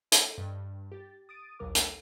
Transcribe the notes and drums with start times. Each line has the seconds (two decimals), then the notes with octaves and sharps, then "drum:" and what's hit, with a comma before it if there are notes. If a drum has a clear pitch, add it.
0.12 A4 C5 D#5 G5, drum: hi-hat
0.38 G2
0.92 G4 A6
1.29 D#6 A6 D7 D#7
1.59 A#1 D#2 A#2 F#3 A#4 D6
1.75 A3 A4, drum: hi-hat